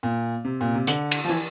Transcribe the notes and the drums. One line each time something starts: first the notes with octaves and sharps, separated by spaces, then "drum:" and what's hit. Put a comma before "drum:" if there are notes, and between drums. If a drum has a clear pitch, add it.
A#2
C3
A#2
C3
D3, drum: hi-hat
drum: cymbal
F3
E3